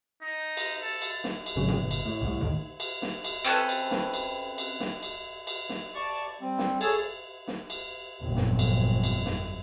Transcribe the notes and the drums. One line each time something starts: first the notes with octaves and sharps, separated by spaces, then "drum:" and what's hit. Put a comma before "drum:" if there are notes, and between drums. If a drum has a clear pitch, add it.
D#4
drum: cymbal
A4
drum: cymbal
drum: snare
drum: cymbal
G#1 G#2 C#3 F#3
drum: tom A#2
G1
drum: cymbal
A2
C2 A2
A#1 D#2 A2 D#3
drum: cymbal
drum: snare
drum: cymbal
C4 C#4 A4 B4
drum: cymbal
drum: snare
drum: cymbal
drum: cymbal
drum: snare
drum: cymbal
drum: cymbal
drum: snare
D5 A5 C#6
G3 C4
drum: snare
G#4 A4 C#5 A5, drum: cymbal
drum: snare
drum: cymbal
G1 F2 A#2 F#3
drum: snare
drum: cymbal
drum: cymbal
drum: snare